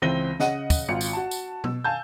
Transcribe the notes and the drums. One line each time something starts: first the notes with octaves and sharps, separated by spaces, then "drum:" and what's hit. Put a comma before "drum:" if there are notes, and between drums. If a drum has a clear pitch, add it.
C#2 E3 C4 A#6 D#7 G7
C#3 D#5 F#5 D#7, drum: snare
drum: kick, tambourine
G#1 F4 C#7
drum: tambourine
F#4 A5
drum: tambourine
B2 E6, drum: tom B2
F5 G#5 A5 G6